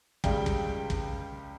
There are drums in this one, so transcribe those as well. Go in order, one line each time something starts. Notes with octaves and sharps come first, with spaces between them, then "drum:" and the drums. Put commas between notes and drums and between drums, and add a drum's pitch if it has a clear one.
C#2 C#3 G3 G5, drum: kick
drum: kick
drum: kick